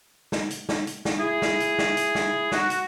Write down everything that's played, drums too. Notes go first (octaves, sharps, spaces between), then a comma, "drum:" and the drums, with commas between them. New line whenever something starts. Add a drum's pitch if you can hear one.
drum: snare
drum: hi-hat
drum: snare
drum: hi-hat
drum: snare
E4 G#4
drum: snare
drum: hi-hat
drum: snare
drum: hi-hat
drum: snare
F#4, drum: snare
drum: hi-hat